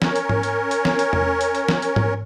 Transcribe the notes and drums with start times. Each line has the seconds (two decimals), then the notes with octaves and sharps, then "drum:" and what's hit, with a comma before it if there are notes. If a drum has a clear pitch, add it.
0.02 C#4 A#4 C#5, drum: snare
0.16 drum: hi-hat
0.29 drum: tom G#2
0.43 drum: hi-hat
0.71 drum: hi-hat
0.85 drum: snare
0.99 drum: hi-hat
1.13 drum: tom E2
1.41 drum: hi-hat
1.55 drum: hi-hat
1.68 drum: snare
1.82 drum: hi-hat
1.96 drum: tom G#2